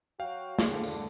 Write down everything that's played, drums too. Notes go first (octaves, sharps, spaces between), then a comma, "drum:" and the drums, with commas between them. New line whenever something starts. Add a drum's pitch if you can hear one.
F#3 F#4 F5 G5
D3 A#3 G#4 C5, drum: snare
drum: tambourine